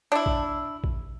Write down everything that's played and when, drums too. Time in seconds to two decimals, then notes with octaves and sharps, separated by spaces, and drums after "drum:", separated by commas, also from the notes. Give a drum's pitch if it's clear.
0.12 D4 E4
0.26 drum: kick A#1
0.84 drum: kick A#1